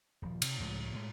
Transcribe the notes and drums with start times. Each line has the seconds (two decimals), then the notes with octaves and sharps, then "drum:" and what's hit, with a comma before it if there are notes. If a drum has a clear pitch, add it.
0.22 D#1 F3
0.42 C3, drum: cymbal
0.60 C#2 A2 F3 G#3
0.93 A2 G#3